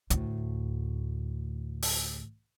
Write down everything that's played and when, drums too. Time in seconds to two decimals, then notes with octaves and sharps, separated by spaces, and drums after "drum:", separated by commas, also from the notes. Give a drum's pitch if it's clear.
0.10 D2 A2, drum: hi-hat
1.82 drum: open hi-hat